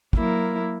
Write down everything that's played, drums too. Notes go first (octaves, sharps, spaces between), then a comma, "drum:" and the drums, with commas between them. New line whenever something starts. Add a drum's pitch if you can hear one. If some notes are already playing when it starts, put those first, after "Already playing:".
F#3 A#3 E4 A#4, drum: kick